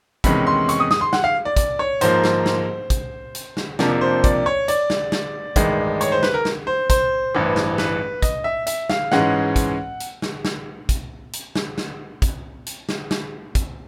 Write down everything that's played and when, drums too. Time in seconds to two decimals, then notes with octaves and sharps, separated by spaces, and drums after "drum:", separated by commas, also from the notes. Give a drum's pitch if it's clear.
0.24 E2 C3 D#3 G#3 C#4 B5, drum: kick, hi-hat
0.47 C6
0.69 C#6, drum: hi-hat
0.80 D#6
0.91 D#6, drum: snare
1.01 C6
1.13 F#5, drum: snare
1.24 F5
1.45 D5
1.56 D5, drum: kick, hi-hat
1.79 C#5
2.01 G#2 F3 A#3 C5, drum: hi-hat
2.24 drum: snare
2.46 drum: snare
2.90 drum: kick, hi-hat
3.35 drum: hi-hat
3.57 drum: snare
3.79 F2 C3 F3 A#3 D4, drum: snare
4.01 C5
4.24 D5, drum: kick, hi-hat
4.46 C#5
4.68 D5, drum: hi-hat
4.90 drum: snare
5.12 drum: snare
5.56 A1 G2 D#3 G#3, drum: kick, hi-hat
6.01 C#5, drum: hi-hat
6.12 C5
6.23 B4, drum: snare
6.34 A#4
6.45 drum: snare
6.67 C5
6.90 C5, drum: kick, hi-hat
7.35 A1 G2 E3
7.56 drum: snare
7.78 B4, drum: snare
8.22 D#5, drum: kick, hi-hat
8.44 E5
8.67 E5, drum: hi-hat
8.89 F5, drum: snare
9.12 G#2 E3 G#3 C#4 F#5, drum: snare
9.56 drum: kick, hi-hat
10.00 drum: hi-hat
10.22 drum: snare
10.45 drum: snare
10.89 drum: kick, hi-hat
11.33 drum: hi-hat
11.56 drum: snare
11.78 drum: snare
12.22 drum: kick, hi-hat
12.66 drum: hi-hat
12.89 drum: snare
13.11 drum: snare
13.55 drum: kick, hi-hat